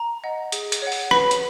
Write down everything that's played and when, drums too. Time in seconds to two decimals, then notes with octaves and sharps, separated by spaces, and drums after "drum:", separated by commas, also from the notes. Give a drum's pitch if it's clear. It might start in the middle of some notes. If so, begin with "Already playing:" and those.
Already playing: A#5
0.24 D#5 F#5
0.52 G#4, drum: hi-hat
0.72 drum: hi-hat
0.82 C#5 F#5
0.92 drum: open hi-hat
1.11 B4 B5, drum: rim click
1.31 drum: hi-hat